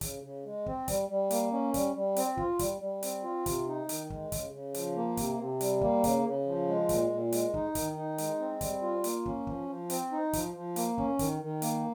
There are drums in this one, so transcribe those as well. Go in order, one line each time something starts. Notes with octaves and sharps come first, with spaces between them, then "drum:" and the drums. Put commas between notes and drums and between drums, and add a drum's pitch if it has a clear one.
C#3, drum: kick, hi-hat
C#3
G#3
C4, drum: kick
G3, drum: kick, hi-hat
G3
A#3, drum: hi-hat
C#4
G3, drum: kick, hi-hat
G3
C4, drum: hi-hat
F4, drum: kick
G3, drum: kick, hi-hat
G3
C4, drum: hi-hat
F4
C3, drum: kick, hi-hat
D#4
D#3, drum: hi-hat
G#3, drum: kick
C#3, drum: kick, hi-hat
C#3
F3, drum: hi-hat
A#3
C3, drum: kick, hi-hat
C3
G3, drum: hi-hat
A#3, drum: kick
C#3, drum: kick, hi-hat
C#3
F3
G#3
A#2, drum: kick, hi-hat
A#2
G#3, drum: hi-hat
D#4, drum: kick
D#3, drum: kick, hi-hat
D#4
G#3, drum: hi-hat
C4
G3, drum: kick, hi-hat
F4
A#3, drum: hi-hat
C#4, drum: kick
F3, drum: kick
F3
C4, drum: hi-hat
D#4
F3, drum: kick, hi-hat
F3
A#3, drum: hi-hat
C#4, drum: kick
D#3, drum: kick, hi-hat
D#3
A#3, drum: hi-hat